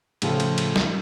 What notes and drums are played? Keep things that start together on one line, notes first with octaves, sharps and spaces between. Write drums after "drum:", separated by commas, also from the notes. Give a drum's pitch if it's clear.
A2 C#3 F3 A3, drum: cymbal
drum: cymbal
drum: cymbal
drum: snare G3